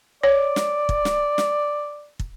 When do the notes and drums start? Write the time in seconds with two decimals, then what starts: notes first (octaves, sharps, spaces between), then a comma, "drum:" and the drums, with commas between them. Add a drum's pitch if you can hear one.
0.24 C#5 D5
0.56 drum: snare
0.89 drum: kick
1.05 drum: snare
1.38 drum: snare
2.19 drum: kick